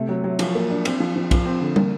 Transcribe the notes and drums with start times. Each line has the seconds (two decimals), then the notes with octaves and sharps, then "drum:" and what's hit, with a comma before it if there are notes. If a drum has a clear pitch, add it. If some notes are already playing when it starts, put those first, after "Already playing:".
Already playing: C3 A3
0.09 F#3
0.24 F#3
0.39 F3, drum: cymbal
0.55 A#3
0.70 D4
0.85 C4, drum: cymbal
1.00 F3
1.16 F3
1.31 F3, drum: kick B1, cymbal
1.46 C4
1.61 D3
1.76 A#3, drum: tom